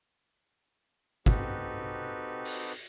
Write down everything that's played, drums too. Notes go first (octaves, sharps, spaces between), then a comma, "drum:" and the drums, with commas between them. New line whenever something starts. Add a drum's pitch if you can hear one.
C4 D#4 F#4 G4 A4 B4, drum: kick
drum: open hi-hat